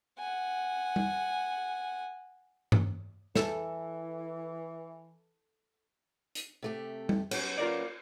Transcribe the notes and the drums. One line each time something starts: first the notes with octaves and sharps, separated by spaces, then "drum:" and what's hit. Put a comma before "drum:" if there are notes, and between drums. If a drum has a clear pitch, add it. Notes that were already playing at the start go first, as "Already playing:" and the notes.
F#5 G#5
drum: tom G3
drum: tom G2
E3 A4, drum: snare
drum: hi-hat
C3 A3 G4
drum: tom G3
F#3 B3 C#4, drum: cymbal
F4 A#4 D5